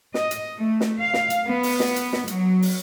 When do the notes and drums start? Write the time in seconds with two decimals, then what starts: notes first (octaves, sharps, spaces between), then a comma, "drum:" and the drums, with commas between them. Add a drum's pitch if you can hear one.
0.14 D#5, drum: snare
0.31 drum: hi-hat
0.58 A3
0.80 drum: snare
1.01 F5
1.14 drum: snare
1.30 drum: hi-hat
1.46 B3
1.63 drum: open hi-hat
1.80 drum: snare
1.96 drum: hi-hat
2.13 drum: snare
2.28 F#3, drum: hi-hat
2.62 drum: open hi-hat